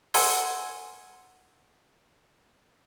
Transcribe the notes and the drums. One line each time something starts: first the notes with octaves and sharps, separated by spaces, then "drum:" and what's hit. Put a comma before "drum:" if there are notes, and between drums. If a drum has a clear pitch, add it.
F#5 G#5 C6 E6 G#6, drum: open hi-hat